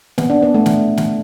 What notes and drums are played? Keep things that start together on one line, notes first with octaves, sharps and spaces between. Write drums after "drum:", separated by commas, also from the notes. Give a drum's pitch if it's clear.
B3, drum: snare
D4
B3
A3
drum: snare
drum: snare